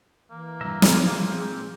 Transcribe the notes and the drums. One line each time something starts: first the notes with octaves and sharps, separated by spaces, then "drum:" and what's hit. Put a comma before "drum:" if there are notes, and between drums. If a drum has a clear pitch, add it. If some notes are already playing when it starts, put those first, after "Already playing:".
E3 A#3
C#2 G2 E5 A#5
D#4 F4 F5, drum: snare
E3 F3 C4 G#4
A#2 G#4